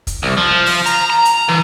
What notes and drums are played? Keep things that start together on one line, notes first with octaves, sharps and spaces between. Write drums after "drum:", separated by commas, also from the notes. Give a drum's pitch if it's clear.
drum: kick, hi-hat
C2
F3
drum: open hi-hat
A#5, drum: hi-hat
A#5
drum: hi-hat
E3